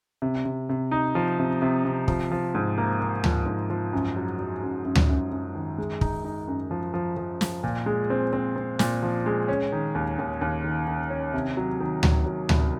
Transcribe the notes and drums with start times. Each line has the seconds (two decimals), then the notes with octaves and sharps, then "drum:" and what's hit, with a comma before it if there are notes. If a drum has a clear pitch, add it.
0.22 C3
0.45 C3
0.69 C3
0.91 D#4
1.15 F3
1.39 C3
1.62 C3
1.85 C3
2.08 F3, drum: kick
2.31 F3
2.55 G#2
2.78 A#3
3.00 A#3
3.24 F3, drum: tom D2
3.46 G#2
3.70 F3
3.93 F#2
4.16 F#3
4.39 F#3
4.63 F#2
4.85 F#2
4.95 drum: tom D2
5.09 F#2
5.32 F#2
5.55 D#3
5.78 G#3
6.01 D#4, drum: kick
6.24 D#4
6.48 F#2
6.71 F3
6.94 F3
7.17 F3
7.41 F3, drum: snare
7.64 A#2
7.86 G#3
8.10 C4
8.33 C4
8.56 C4
8.79 A#2, drum: snare
9.03 F3
9.26 G#3
9.48 C#4
9.72 D#3
9.95 D#2
10.19 D#2
10.41 D#2
10.64 D#3
10.87 D#3
11.10 C#4
11.33 C3
11.57 F#3
11.80 D#3
12.03 F#3, drum: tom D2
12.26 F#3
12.49 C2, drum: tom D2